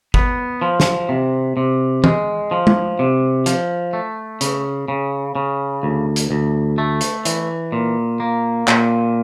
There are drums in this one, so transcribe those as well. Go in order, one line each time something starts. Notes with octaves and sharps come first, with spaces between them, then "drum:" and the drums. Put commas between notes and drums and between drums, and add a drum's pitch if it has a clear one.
B3, drum: kick
F3
drum: snare
C3
C3
G#3, drum: tom
F3
drum: tom
C3
F3, drum: hi-hat
A3
C#3, drum: hi-hat
C#3
C#3
D2
drum: hi-hat
D2
A3
drum: hi-hat
E3, drum: hi-hat
A#2
A#3
A#2, drum: clap